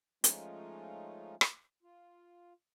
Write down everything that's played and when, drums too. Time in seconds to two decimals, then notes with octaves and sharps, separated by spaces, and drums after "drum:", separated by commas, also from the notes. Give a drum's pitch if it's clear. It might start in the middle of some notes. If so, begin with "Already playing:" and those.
0.24 F3 G#3 A3 C#4 D#4 F4, drum: hi-hat
1.41 drum: rim click
1.83 F4